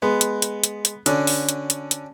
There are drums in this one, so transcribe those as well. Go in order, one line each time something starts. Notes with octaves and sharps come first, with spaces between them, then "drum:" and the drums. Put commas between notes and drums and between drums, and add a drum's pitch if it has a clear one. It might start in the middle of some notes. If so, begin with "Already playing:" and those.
G#3 B3
drum: hi-hat
drum: hi-hat
drum: hi-hat
drum: hi-hat
D3 C#4 D4 F#4, drum: hi-hat
drum: open hi-hat
drum: hi-hat
drum: hi-hat
drum: hi-hat